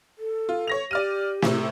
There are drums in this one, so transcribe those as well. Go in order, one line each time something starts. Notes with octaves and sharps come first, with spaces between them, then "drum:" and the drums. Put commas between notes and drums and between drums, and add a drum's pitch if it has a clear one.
A4
F4
C#5 A#6 F7
G4 D5 F6 D#7
A2 C3, drum: snare